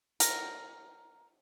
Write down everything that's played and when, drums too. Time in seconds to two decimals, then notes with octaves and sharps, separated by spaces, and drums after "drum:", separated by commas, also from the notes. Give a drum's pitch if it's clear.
0.20 A#4, drum: hi-hat